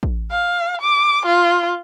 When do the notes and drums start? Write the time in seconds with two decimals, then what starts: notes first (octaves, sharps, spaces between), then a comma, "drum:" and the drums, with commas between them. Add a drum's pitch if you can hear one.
0.03 drum: kick
0.31 F5
0.81 D6
1.26 F4